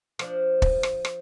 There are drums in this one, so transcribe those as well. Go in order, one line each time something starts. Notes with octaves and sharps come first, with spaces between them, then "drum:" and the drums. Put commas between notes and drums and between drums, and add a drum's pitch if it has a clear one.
F3 D4, drum: rim click
drum: kick
drum: rim click
drum: rim click